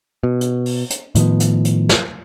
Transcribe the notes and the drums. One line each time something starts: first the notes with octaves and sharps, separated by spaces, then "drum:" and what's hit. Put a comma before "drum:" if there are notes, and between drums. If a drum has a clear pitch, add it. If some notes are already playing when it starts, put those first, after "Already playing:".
B2
drum: hi-hat
drum: open hi-hat
drum: hi-hat
A2 D#3 F3 B3, drum: hi-hat
drum: hi-hat
drum: hi-hat
drum: snare